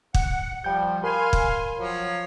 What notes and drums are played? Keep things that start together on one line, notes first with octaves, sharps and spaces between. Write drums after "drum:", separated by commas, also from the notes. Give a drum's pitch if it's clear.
F#5, drum: kick
F3 G3 G5 G6
A#4 F5 G#5 B5 C6
drum: kick
F3 F#3 C#5